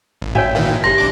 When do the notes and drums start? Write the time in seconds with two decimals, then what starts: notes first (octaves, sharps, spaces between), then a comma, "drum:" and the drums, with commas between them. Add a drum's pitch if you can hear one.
0.22 A1
0.35 F#4 C#5 E5 G5 G#5, drum: tom G2
0.55 A#2 D#3 E3 F5
0.84 G1 G4 C6 A#6
0.98 B1 D4 D6